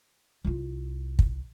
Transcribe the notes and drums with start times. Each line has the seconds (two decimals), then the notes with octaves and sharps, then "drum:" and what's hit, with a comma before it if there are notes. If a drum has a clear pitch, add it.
0.45 C2 F4
1.19 drum: kick